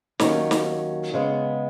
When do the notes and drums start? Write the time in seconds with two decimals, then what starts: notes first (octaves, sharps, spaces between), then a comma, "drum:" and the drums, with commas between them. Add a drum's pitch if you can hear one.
0.20 D#2 D#3 F#3 C#4, drum: snare
0.51 drum: snare
1.14 C#3 G#3 B3